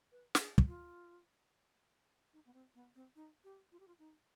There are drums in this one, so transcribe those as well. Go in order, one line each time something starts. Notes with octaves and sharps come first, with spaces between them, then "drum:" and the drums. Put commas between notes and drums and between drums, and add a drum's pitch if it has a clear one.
B4
G4, drum: snare
G#4
drum: kick
F4
D#4
B3
C4
B3
C4
D#4
G4
F4
G4
F4
D#4